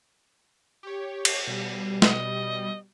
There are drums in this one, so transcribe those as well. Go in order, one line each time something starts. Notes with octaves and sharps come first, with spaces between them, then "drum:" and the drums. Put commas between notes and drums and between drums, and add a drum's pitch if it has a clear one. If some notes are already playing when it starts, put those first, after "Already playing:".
G4 C#5
drum: cymbal
B2 G3
D#5, drum: snare